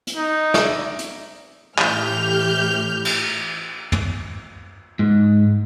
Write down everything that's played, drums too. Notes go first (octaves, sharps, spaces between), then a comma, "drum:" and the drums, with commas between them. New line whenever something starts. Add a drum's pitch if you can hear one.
drum: hi-hat
D#4
D5 E5, drum: snare
drum: hi-hat
A2 E3 G4 F6 G6, drum: clap
drum: cymbal
drum: tom
G#2